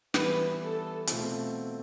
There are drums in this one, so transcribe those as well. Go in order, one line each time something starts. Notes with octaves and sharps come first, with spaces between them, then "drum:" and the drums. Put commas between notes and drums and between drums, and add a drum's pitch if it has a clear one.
E3 G3 B3 B4, drum: snare
A4
B2 A3 C4 F4, drum: hi-hat